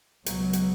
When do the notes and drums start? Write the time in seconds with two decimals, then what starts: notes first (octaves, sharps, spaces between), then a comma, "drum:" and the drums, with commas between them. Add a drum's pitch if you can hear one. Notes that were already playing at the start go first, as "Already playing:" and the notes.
0.26 C#2 B2 F#3, drum: hi-hat
0.53 drum: hi-hat